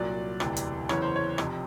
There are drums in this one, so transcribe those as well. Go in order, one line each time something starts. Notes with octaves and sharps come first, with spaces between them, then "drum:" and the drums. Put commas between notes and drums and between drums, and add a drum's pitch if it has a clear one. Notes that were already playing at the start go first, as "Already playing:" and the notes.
Already playing: C2 A#2 F#3 D5
E1 D2 C3 E3, drum: rim click
drum: hi-hat
F#1 E2 C#3 E3 C#5, drum: rim click
C5
C#5
F1 F2 C3, drum: rim click